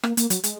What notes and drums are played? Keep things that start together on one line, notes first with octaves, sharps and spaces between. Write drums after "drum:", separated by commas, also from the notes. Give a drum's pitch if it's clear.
A#3, drum: rim click
A#3, drum: hi-hat
F#3, drum: hi-hat
G#3, drum: hi-hat